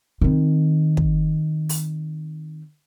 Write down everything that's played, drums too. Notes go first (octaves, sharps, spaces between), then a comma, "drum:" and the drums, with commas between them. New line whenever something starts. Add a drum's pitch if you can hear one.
D#3 C4
drum: kick
drum: open hi-hat